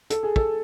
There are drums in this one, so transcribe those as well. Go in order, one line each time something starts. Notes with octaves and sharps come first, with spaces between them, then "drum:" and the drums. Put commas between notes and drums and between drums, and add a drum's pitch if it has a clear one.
A4, drum: hi-hat
G#4
A4, drum: kick